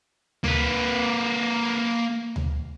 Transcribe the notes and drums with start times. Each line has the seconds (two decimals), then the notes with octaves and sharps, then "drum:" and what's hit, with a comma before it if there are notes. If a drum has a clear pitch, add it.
0.44 A#3 B4, drum: tom D2
2.36 drum: tom D2